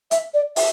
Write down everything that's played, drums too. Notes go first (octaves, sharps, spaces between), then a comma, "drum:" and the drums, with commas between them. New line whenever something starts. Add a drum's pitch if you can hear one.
E5, drum: hi-hat
D5
E5, drum: open hi-hat